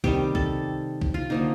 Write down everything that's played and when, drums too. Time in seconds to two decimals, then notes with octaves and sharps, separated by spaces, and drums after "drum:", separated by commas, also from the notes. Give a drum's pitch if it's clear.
0.04 C3 D#3 G3 G4, drum: kick B1
0.35 A4, drum: kick B1
1.02 drum: kick B1
1.14 F4
1.30 D3 F3 A#3 D#4